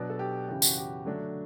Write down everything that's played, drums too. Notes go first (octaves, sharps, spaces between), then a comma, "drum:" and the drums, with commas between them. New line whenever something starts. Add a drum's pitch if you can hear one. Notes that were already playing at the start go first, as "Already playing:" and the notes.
Already playing: B2 F#3 B3 D4 D5
A4
G4
F#2 C#3 E3 G4
F#4, drum: tambourine
G4
D3 F#3 A3 D4